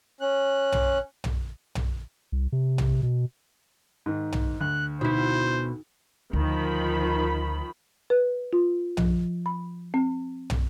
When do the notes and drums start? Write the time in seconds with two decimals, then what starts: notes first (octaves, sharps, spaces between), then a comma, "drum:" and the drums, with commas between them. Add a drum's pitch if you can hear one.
0.21 C#4 F#6
0.72 drum: tom
1.24 drum: tom
1.75 drum: tom
2.32 C2
2.52 C3
2.78 drum: tom
3.03 B2
4.06 G#2 D#3
4.32 drum: tom
4.61 D2 F#6
5.01 B2 D#4 E4 C5
6.33 D2 D#3 F3 B5
8.10 B4
8.53 F4
8.97 F3, drum: tom
9.46 B5
9.94 C4
10.50 drum: tom